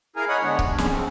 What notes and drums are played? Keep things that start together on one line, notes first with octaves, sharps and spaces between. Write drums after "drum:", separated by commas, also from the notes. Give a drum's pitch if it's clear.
E4 G#4 A#4 F5 G#5 A#5
C#5 D#5 F#5 G#5 B5 D#6
D3 G#3 B3 D4 C#5
C3, drum: kick C#1
C#4 G#4, drum: snare
C#3 F3 C4